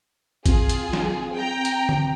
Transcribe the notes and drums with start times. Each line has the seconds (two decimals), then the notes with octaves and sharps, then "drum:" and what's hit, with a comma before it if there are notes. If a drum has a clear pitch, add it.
0.46 C4 F4 G#4, drum: kick G#1, hi-hat
0.69 drum: hi-hat
0.93 drum: snare
1.35 G5 A#5
1.65 drum: hi-hat
1.89 drum: tom D3